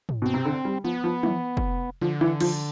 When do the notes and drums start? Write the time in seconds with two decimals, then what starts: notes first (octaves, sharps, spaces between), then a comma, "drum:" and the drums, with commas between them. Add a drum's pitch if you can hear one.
0.09 drum: tom
0.22 B2 C4
0.34 C3
0.45 D3
0.65 G3
0.84 F3 B3
1.04 F3
1.23 E3, drum: tom
1.57 drum: kick
2.01 D3 F3
2.21 E3
2.40 F3, drum: cymbal